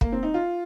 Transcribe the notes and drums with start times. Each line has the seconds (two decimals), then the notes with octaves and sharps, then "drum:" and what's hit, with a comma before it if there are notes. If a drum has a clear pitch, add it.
0.01 A#3, drum: kick
0.12 C4
0.23 D#4
0.34 F4